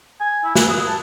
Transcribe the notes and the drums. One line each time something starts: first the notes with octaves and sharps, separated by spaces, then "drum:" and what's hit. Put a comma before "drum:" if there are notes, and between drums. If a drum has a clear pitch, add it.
G#5
E4
B4, drum: snare
D#6
A5